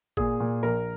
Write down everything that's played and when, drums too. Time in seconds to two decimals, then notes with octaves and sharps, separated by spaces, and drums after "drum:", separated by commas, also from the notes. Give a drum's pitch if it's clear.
0.17 A#2 G#4, drum: kick G#1
0.40 A#2
0.63 A#1 A#4